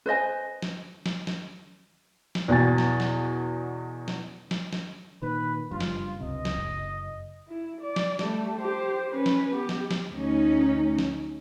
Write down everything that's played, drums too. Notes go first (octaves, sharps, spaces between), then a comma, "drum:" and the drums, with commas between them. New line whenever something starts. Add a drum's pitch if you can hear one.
B4 C5 D#5 G#5
drum: snare
drum: snare
drum: snare
drum: snare
E2 B2 B3 G#5 A6
drum: snare
drum: snare
drum: snare
drum: snare
drum: snare
A#2 D#3 B4
F#1 G2 F4
drum: snare
C#2 C3 D#5
drum: snare
F#1
E4
D5
drum: snare
G3 A3, drum: snare
G4 C5
C#4 B4
drum: snare
B3 G4
drum: snare
drum: snare
D2 C#4 D#4
drum: snare